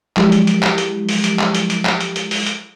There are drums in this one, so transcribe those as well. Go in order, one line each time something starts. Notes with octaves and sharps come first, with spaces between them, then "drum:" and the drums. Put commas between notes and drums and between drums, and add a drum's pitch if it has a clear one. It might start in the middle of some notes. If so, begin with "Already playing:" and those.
F3 F#3 G#3 E4 G4 A#4, drum: clap
drum: hi-hat
drum: hi-hat
drum: clap
drum: hi-hat
drum: open hi-hat
drum: hi-hat
drum: clap
drum: hi-hat
drum: hi-hat
drum: clap
drum: hi-hat
drum: hi-hat
drum: open hi-hat
drum: hi-hat